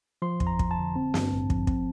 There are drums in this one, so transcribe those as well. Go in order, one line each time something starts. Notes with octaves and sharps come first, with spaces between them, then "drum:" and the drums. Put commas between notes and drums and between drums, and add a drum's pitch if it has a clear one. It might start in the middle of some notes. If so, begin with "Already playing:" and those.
F3 C6
F2, drum: kick
A#5
G1, drum: kick
A5
D3
C4
G2, drum: snare
A1
F3, drum: kick
C4, drum: kick